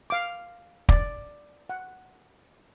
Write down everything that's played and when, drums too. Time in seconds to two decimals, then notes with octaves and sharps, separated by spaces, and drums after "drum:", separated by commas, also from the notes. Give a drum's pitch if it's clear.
0.10 F5 D6
0.89 D5, drum: kick
1.69 F#5